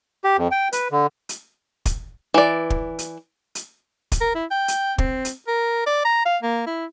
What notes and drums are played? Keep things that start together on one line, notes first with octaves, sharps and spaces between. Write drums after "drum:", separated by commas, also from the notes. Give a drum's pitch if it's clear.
G4
F2
G5
B4, drum: hi-hat
D3
drum: hi-hat
drum: kick, hi-hat
E3 D5
drum: kick
drum: hi-hat
drum: hi-hat
drum: kick, hi-hat
A#4
E4
G5
drum: hi-hat
C4, drum: kick
drum: hi-hat
A#4
D5
A#5
F5
A#3
E4